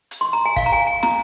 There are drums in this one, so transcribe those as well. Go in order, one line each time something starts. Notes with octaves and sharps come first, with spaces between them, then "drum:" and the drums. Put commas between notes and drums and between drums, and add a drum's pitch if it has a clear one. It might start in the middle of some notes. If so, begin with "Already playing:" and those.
drum: hi-hat
C6
A#5
G#5
F5, drum: kick, open hi-hat
A#5
G#5
G#5
A#5, drum: snare